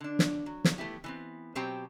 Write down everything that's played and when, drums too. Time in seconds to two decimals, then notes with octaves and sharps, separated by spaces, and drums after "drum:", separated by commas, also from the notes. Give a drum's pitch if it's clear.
0.01 D3 D4
0.19 drum: snare
0.46 F#3
0.64 drum: snare
0.78 A3 B3 E4 G4
1.04 E3 B3 C4
1.55 B2 F#3 C4 G4 C5 G5